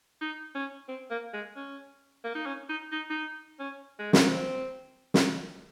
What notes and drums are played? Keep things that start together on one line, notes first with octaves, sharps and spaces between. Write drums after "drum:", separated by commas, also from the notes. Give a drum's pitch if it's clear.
D#4
C#4
C4
A#3
G#3
C#4
A#3
D#4
C#4
D#4
D#4
D#4
C#4
G#3
A#3, drum: snare
C4
drum: snare